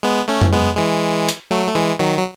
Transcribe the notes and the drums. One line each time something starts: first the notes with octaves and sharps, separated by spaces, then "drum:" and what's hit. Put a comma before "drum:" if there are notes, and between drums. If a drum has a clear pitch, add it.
G#3 B3
A3 C#4
drum: tom
G#3 B3
E3 G#3
drum: hi-hat
F#3 A3
A3
E3 G#3
D#3 F#3
F#3